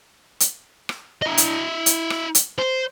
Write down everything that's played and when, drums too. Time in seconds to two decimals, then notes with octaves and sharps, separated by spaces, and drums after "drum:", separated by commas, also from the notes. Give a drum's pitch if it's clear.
0.40 drum: hi-hat
0.89 drum: rim click
1.22 E4 D#5
1.37 drum: hi-hat
1.86 drum: hi-hat
2.10 drum: rim click
2.35 drum: hi-hat
2.59 C5